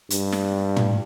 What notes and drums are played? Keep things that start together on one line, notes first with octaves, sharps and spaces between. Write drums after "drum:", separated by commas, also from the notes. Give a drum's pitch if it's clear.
G2, drum: hi-hat
drum: snare
drum: tom